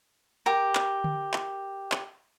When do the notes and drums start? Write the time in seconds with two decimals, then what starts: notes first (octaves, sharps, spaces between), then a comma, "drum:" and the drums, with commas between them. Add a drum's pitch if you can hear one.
0.46 G4 A#4
0.75 drum: clap
1.04 drum: tom D3
1.33 drum: clap
1.92 drum: clap